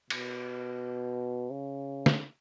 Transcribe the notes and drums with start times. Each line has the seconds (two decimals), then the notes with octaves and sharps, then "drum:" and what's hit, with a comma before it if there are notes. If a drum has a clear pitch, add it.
0.10 B2, drum: cymbal
1.51 C#3
2.06 drum: snare